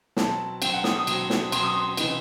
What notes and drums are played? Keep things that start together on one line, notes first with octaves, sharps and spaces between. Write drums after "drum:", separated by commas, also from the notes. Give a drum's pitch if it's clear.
B2 F#3 C4 A5, drum: snare
B2 F#3 C4 G5, drum: cymbal
F#5
D#6, drum: snare
D#6
B2 F#3 C4, drum: cymbal
drum: snare
B2 F#3 C4 C6, drum: cymbal
D#6
C6
C3 E3 B3 D#4, drum: cymbal